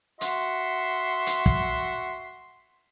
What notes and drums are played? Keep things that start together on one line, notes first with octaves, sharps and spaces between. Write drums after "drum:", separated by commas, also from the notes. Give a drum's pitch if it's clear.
F#4 E5 C6, drum: hi-hat
drum: hi-hat
drum: kick